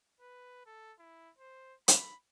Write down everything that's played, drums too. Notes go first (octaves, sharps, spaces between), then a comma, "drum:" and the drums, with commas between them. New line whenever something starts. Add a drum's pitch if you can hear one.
B4
A4
E4
C5
B5, drum: hi-hat